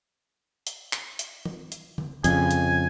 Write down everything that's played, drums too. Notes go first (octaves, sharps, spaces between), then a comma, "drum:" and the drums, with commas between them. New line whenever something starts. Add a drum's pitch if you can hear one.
drum: hi-hat
drum: clap
drum: hi-hat
drum: tom
drum: hi-hat
drum: tom D3
F2 C#3 G#5, drum: hi-hat
drum: hi-hat